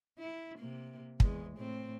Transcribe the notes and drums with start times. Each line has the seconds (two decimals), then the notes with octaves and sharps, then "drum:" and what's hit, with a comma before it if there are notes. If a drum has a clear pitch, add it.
0.19 E4
0.59 C3 A#3
1.20 E2 G#3, drum: kick
1.58 A2 C4